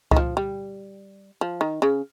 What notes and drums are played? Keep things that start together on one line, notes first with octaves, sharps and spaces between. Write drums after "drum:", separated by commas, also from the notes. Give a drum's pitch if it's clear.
D#3, drum: kick C#2
F3
G3
F3
D#3
C#3